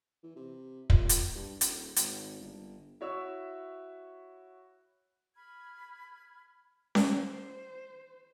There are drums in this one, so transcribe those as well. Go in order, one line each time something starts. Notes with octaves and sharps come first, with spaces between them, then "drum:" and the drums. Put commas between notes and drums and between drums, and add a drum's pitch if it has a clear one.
E3
C3
A#2, drum: kick
drum: hi-hat
G2
D#1, drum: hi-hat
G#1, drum: hi-hat
G1
E4 F#4 C#5 E5 B5 E6
B5 F6 G#6
C5, drum: snare C#4